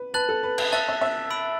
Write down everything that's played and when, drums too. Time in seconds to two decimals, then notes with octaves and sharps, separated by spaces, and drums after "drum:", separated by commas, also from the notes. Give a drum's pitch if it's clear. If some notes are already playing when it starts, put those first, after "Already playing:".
Already playing: B4
0.14 B4 A5 F#6 A6 F#7
0.29 A4
0.43 B4
0.58 B4, drum: cymbal
0.72 E5 A5 F#6 A6
0.89 E5
1.01 E5
1.30 B5 E6 D7 F#7